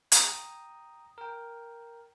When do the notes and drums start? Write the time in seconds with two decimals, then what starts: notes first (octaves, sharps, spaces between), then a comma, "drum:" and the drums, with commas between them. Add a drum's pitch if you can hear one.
0.12 G5 A#5 D#6, drum: hi-hat
1.18 A#4 G5